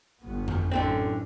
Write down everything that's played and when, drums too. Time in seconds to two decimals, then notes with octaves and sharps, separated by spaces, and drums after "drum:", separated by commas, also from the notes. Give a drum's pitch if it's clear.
0.23 G1 B3
0.48 drum: tom F2
0.72 A1 F#2 D3 A3 C4